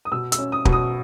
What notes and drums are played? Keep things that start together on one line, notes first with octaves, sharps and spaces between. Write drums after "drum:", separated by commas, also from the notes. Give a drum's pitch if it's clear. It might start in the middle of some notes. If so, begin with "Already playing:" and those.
D#6
B2 E6
E6, drum: hi-hat
C#4
D#6
B2, drum: kick
D#6